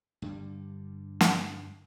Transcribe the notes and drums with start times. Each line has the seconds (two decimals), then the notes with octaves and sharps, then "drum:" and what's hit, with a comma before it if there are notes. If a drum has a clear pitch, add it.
0.22 G2 D3 G3
1.21 drum: snare